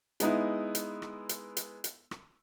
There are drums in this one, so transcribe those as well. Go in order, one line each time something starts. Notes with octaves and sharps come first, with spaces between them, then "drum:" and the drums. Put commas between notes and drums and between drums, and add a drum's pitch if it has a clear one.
G#3 B3 D#4 E4, drum: hi-hat
drum: hi-hat
drum: rim click
drum: hi-hat
drum: hi-hat
drum: hi-hat
drum: rim click